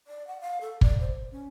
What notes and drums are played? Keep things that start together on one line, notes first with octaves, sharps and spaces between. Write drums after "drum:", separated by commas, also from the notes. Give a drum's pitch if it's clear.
D5
F#5
F5
A4
D5, drum: kick
C5
C#4